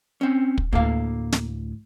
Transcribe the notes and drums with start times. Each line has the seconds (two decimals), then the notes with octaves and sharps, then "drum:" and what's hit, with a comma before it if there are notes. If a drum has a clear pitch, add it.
0.21 C4 C#4
0.58 drum: kick
0.73 D2 A2 A#3 A4 F5
1.32 drum: snare